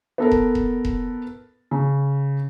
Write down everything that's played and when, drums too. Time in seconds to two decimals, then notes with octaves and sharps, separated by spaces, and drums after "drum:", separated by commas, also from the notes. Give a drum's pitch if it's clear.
0.18 B3 A4 A#4
0.31 drum: kick E1
0.55 drum: kick E1
0.85 drum: kick E1
1.71 C#3